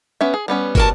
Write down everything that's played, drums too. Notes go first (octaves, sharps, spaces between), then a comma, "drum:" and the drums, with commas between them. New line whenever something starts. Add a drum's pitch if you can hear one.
B3 C#4 E5
G#4
G3 B3 C#4
F#4 A#4 A5, drum: kick